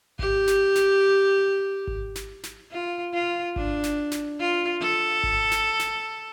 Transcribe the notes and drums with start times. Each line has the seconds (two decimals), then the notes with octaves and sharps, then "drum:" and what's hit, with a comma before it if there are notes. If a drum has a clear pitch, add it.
0.19 G4, drum: kick G#1
0.47 drum: snare
0.75 drum: snare
1.87 drum: kick G#1
2.15 drum: snare
2.43 drum: snare
2.71 F4
3.13 F4
3.56 D4, drum: kick G#1
3.83 drum: snare
4.11 drum: snare
4.39 F4
4.81 A4
5.23 drum: kick G#1
5.51 drum: snare
5.79 drum: snare